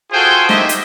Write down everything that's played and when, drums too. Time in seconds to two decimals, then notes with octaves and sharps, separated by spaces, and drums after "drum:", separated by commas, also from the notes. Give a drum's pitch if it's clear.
0.12 F4 F#4 G#4 A4 C5 G5
0.49 A#3 D#4 G4 C5 D#5 E5, drum: snare
0.69 drum: hi-hat